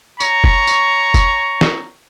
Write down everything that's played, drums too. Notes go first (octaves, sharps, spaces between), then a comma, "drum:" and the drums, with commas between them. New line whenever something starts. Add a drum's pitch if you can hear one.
C#5 A#5 C#6, drum: tambourine
drum: kick
drum: tambourine
drum: kick, tambourine
drum: snare